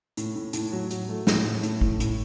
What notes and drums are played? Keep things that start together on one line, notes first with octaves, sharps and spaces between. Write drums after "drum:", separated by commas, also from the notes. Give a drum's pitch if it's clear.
A2, drum: hi-hat
A2
A2, drum: hi-hat
F#3
F#3, drum: hi-hat
A3
A2, drum: snare
A2
A2, drum: hi-hat
A2, drum: kick
A2, drum: hi-hat